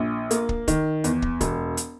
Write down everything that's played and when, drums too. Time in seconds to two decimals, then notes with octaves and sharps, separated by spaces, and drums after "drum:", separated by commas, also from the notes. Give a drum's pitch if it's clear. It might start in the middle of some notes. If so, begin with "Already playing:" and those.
Already playing: A#1
0.31 A#3, drum: hi-hat
0.49 drum: kick
0.68 D#3, drum: kick, hi-hat
1.04 E2, drum: hi-hat
1.22 drum: kick
1.41 E1, drum: kick, hi-hat
1.77 drum: hi-hat